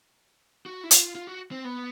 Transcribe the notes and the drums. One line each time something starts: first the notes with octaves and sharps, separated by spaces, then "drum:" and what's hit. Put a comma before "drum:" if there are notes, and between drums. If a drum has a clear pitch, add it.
F#4
E4
F4, drum: hi-hat
F4
F#4
C4
B3